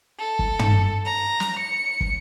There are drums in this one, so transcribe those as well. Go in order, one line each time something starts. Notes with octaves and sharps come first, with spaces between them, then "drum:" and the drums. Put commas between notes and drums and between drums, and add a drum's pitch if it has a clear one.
A4
drum: kick
drum: tom
A#5
drum: snare
C#7
drum: kick